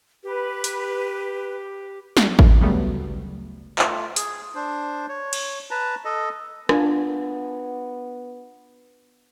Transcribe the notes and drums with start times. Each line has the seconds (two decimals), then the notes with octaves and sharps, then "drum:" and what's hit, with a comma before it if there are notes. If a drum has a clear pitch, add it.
0.24 G4 B4
0.64 drum: hi-hat
2.17 drum: snare
2.39 drum: kick
2.61 D2 C#3 F#3 G3 A3 B3
3.79 A3 F4, drum: clap
4.16 G#4, drum: hi-hat
4.55 D4 C5
5.09 C#5
5.33 drum: cymbal
5.71 B4 A5 A#5
6.05 A4 D#5
6.69 B3 D4 F4 G#5, drum: rim click